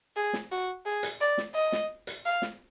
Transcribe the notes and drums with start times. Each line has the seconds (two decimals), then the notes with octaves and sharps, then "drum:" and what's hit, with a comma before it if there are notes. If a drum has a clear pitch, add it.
0.16 G#4
0.33 drum: snare
0.51 F#4
0.85 G#4
1.03 drum: hi-hat
1.21 D5
1.38 drum: snare
1.54 D#5
1.72 drum: snare
2.07 drum: hi-hat
2.25 F5
2.42 drum: snare